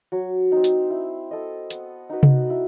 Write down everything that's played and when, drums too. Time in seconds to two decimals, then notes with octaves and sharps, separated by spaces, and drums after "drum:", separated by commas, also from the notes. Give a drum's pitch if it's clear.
0.12 F#3
0.52 C4 D#4
0.64 drum: hi-hat
0.90 E4
1.31 A4 D#5
1.70 B3, drum: hi-hat
2.10 D#4 F#4 B4
2.23 drum: tom C3
2.50 E4